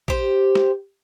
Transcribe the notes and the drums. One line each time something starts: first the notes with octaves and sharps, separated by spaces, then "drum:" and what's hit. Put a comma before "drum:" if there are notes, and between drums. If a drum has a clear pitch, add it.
G4 C5, drum: kick A#1
drum: snare